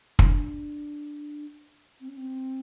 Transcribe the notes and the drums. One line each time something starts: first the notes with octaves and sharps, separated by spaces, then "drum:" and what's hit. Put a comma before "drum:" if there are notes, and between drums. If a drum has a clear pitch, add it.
D4, drum: kick
C4
C#4
C4